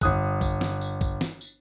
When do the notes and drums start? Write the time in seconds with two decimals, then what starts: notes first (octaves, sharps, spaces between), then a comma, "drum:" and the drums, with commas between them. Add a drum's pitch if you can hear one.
0.01 G1 D#6 F#6, drum: kick A#1, tambourine
0.41 drum: kick A#1, tambourine
0.61 drum: snare
0.81 drum: tambourine
1.01 drum: kick A#1, tambourine
1.21 drum: snare
1.41 drum: tambourine